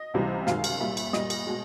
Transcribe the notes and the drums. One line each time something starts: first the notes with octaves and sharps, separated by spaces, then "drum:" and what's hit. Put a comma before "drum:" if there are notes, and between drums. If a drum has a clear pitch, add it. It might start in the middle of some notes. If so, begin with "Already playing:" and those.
Already playing: D#5
C#2 C3 E3 G3
F#2 D#3 G#3 F5, drum: snare
drum: cymbal
A#2 G3 E5
drum: cymbal
A#2 G3 D#5, drum: snare
drum: cymbal
B2 G#3